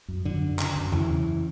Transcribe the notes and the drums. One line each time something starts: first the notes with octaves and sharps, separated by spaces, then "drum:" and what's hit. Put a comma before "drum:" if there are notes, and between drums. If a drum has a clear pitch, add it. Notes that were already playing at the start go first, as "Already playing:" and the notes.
F#2
F#2 D3
F#2
C#3, drum: clap
F#2
C#3 E3, drum: tom E2
C#3